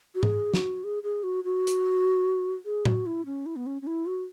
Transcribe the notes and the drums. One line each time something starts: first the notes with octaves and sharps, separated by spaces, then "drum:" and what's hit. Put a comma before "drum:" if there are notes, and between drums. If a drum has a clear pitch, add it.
F#4
G#4, drum: tom G#2
F#4, drum: snare
G#4
G#4
F#4
F#4
drum: hi-hat
G#4
F#4, drum: tom A2
E4
C#4
E4
B3
C#4
C#4
E4
F#4